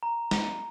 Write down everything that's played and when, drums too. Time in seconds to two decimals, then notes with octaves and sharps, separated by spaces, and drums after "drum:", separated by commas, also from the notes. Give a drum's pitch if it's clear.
0.03 A#5
0.31 drum: snare